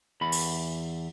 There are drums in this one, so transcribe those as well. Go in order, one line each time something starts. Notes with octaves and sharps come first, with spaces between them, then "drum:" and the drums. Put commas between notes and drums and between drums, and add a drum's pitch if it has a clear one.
E2 B5
drum: open hi-hat